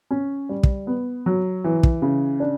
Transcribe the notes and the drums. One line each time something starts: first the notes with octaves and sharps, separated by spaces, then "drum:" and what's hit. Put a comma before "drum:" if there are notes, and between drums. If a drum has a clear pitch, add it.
C#4
G3
drum: kick
B3
F#3
E3
drum: kick
C#3
D4